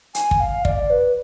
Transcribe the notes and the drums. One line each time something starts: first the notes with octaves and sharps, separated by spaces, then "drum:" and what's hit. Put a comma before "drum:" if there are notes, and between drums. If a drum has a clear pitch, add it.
G#5, drum: hi-hat
drum: kick
F5
D5, drum: kick
B4